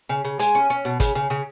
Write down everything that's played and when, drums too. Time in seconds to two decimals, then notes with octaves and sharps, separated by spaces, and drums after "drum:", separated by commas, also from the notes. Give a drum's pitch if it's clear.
0.09 C#3
0.24 C#3
0.39 G#3 G#5, drum: hi-hat
0.55 C#4
0.70 C#4
0.85 B2
1.00 C#3, drum: kick, hi-hat
1.15 C#3
1.30 C#3